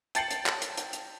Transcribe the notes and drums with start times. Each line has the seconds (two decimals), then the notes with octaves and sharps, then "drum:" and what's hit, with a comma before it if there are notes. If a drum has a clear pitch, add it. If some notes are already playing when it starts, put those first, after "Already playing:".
0.15 G5 A5 A6 C7 C#7 F#7, drum: hi-hat
0.31 drum: hi-hat
0.46 drum: clap
0.62 drum: hi-hat
0.77 drum: hi-hat
0.93 drum: hi-hat